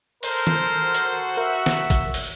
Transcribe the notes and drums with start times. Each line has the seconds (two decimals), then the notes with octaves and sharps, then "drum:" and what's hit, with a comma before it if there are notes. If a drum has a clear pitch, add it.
0.23 A4 A#4 C5, drum: open hi-hat
0.47 drum: tom D#3
0.83 F#4
0.95 drum: hi-hat
1.37 A#4 E5
1.66 drum: snare
1.90 drum: kick, hi-hat
2.14 drum: open hi-hat